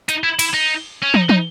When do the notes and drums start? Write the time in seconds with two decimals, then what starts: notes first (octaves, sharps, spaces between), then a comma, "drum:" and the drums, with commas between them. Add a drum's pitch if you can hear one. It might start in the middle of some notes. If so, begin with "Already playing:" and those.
0.09 D#4, drum: hi-hat
0.23 E4
0.39 E4, drum: cymbal
0.54 D#4
1.03 C#4
1.14 D#4, drum: tom
1.29 D#4, drum: tom